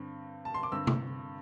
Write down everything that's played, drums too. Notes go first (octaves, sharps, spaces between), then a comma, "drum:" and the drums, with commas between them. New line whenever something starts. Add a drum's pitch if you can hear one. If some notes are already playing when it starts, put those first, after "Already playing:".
Already playing: G2 D3 C4
A5
C6
D6
G2 D3 C4 E6
drum: tom C3